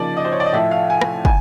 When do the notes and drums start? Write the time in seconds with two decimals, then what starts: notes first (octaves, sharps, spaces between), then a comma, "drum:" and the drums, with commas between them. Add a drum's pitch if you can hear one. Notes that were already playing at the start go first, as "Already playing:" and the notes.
Already playing: C#3 F3 A#3 D#4 D5
0.17 D#5
0.25 C5
0.32 C#5
0.40 D5
0.46 D#5
0.53 A2 F3 A3 E5
0.71 F5
0.90 G#5
1.01 drum: rim click
1.25 G#5, drum: kick